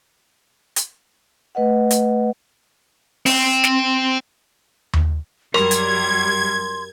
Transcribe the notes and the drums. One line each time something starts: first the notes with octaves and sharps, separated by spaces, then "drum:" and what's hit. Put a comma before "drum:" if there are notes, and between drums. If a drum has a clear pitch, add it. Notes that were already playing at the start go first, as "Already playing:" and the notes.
drum: hi-hat
A3 B4 D#5 F#5
drum: hi-hat
C4, drum: open hi-hat
drum: snare
drum: tom D#2
F#2 F#3 G3 A#4 C6 G#6, drum: rim click
drum: hi-hat